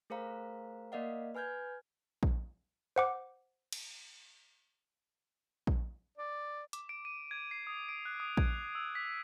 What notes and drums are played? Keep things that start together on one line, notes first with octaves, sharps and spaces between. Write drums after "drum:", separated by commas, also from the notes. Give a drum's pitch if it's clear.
A3 G#4 A#4 C5 F5 A#5
A#3 A#4 D5 D#5 F5 F#5
B4 G#5 F6 G6 G#6
drum: kick A#1
C5 F#5 D6
drum: cymbal
drum: kick A#1
D5
D6, drum: hi-hat
D7
D#7
G#6
C7
D#6
D7
F#6
D#6
G#6, drum: kick A#1
E6
B6